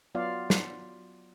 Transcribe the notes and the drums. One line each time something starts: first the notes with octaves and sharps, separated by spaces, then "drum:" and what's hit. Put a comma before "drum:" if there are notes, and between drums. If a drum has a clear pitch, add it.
F#3 B3 F4 D5 F5
drum: snare